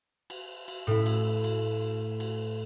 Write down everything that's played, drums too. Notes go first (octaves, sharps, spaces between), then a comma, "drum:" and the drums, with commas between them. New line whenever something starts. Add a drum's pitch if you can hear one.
drum: cymbal
drum: cymbal
A2 E4
drum: cymbal
drum: cymbal
drum: cymbal